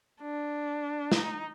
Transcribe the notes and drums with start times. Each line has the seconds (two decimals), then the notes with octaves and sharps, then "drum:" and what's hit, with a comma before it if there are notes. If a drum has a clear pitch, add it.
0.21 D4
1.12 D#4, drum: snare